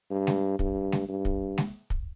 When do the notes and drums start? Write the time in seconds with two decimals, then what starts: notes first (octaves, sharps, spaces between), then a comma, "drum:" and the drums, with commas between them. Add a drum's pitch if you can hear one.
0.11 G2
0.27 drum: snare G#3
0.59 G2, drum: kick
0.92 drum: snare G#3
1.08 G2
1.25 drum: kick
1.58 drum: snare G#3
1.90 drum: kick